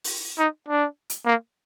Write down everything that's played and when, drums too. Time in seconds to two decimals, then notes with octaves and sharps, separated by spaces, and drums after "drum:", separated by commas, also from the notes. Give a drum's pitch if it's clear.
0.04 drum: open hi-hat
0.39 D#4
0.68 D4
1.10 drum: hi-hat
1.26 A#3